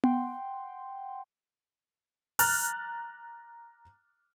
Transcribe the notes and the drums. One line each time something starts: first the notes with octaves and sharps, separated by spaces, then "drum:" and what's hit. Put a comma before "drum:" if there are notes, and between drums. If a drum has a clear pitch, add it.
F#5 G5 C6, drum: tom B3
A#5 F6 F#6 A6, drum: open hi-hat